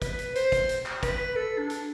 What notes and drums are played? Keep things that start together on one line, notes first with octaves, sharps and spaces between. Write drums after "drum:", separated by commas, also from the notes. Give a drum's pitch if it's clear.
B4, drum: kick, hi-hat
drum: hi-hat
C5, drum: hi-hat
drum: kick, hi-hat
drum: hi-hat
drum: clap
B4, drum: kick, hi-hat
A4
D4
drum: hi-hat